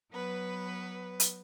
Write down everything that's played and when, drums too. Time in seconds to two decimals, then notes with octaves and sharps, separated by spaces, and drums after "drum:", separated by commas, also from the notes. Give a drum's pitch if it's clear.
0.11 F#3 B3 B4
1.20 drum: hi-hat